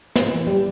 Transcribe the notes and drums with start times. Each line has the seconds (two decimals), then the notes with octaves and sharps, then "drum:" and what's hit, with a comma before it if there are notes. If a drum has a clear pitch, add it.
0.16 drum: snare
0.32 E3
0.47 G3